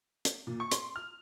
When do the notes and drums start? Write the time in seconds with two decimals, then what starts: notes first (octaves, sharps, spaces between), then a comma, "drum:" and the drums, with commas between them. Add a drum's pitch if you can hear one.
0.25 drum: hi-hat
0.47 A#2
0.60 C#6
0.71 C6, drum: hi-hat
0.96 F6